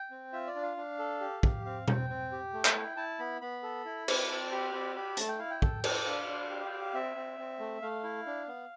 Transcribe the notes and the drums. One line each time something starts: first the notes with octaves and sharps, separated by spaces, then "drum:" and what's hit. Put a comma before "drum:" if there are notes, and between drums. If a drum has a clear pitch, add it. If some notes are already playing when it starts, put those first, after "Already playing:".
Already playing: G5
C4
F4 E5
D5
D4
F5
D4
A4
G4
G4, drum: kick
C4 F5
C4 G5, drum: tom B2
C4
G4
A3
drum: clap
E4
E4 A5
B3 B5
B3 B5
A4
E4
C4, drum: cymbal
C4 A5
G4 B5
C4 B5
G4 B5
A3 A5, drum: hi-hat
G5
E4 F5
G5
A4, drum: kick
A4, drum: cymbal
D4 F5
D4
G4
G5
G4
F5
C4 E5
C4
C4
A3
A3 F5
E4
D4
B3